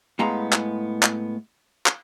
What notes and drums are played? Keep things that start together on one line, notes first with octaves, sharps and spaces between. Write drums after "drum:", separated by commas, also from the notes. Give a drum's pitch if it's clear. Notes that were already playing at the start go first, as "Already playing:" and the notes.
A2 G#3 B3 F5 A#5
drum: clap
drum: clap
drum: clap